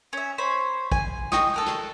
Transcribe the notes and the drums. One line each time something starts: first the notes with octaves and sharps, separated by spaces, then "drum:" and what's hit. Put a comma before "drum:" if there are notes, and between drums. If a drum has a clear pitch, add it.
C#4 E5
C5 C#5 B5
G#5, drum: kick
D#5 G5 C#6 D#6, drum: snare
A4 A#4 F#6
drum: snare